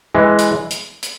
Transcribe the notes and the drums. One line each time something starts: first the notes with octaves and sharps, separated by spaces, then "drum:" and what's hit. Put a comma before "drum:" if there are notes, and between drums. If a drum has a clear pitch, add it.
E3 G#3
drum: hi-hat
drum: hi-hat
drum: hi-hat